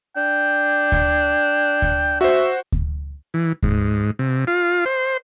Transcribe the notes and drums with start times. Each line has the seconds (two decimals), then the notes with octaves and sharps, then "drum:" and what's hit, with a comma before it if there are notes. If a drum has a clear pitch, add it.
0.17 D4 G5
0.92 drum: kick D2
1.82 drum: kick D2
2.21 F#4 C5 E5
2.72 drum: kick D2
3.34 E3
3.63 G#2, drum: kick D2
4.19 C3
4.47 F4
4.86 C5